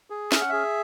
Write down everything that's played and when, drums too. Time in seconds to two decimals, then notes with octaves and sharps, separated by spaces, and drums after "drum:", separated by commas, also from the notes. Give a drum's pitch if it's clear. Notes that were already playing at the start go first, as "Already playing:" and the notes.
0.10 G#4
0.32 C#4 E5, drum: snare
0.41 F#5
0.50 G#4 E5